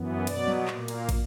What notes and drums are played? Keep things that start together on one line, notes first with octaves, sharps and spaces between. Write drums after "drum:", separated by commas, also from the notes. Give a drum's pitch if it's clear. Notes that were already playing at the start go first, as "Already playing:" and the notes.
Already playing: F#2 E3 B3
B2 F#3 B3 D5, drum: cymbal
drum: tom F#3
A#2 A#3, drum: clap
drum: cymbal
drum: kick, cymbal